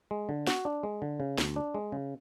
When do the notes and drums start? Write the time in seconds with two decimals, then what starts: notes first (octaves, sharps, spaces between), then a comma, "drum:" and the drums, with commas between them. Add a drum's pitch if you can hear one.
0.11 G#3
0.29 D3
0.47 F#4, drum: snare
0.65 D4
0.83 G#3
1.02 D3
1.20 C#3
1.38 D2, drum: snare
1.56 D4
1.75 G#3
1.92 C#3